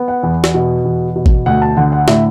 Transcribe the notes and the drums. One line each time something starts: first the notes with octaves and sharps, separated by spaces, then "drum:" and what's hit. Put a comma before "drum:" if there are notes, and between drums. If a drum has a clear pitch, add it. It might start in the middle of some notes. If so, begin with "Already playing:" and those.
Already playing: B3
F#5
E2
drum: snare
B2
E2
B2
drum: kick
D2 F#5
A5
D3 F#5
F#5
A2 E5, drum: snare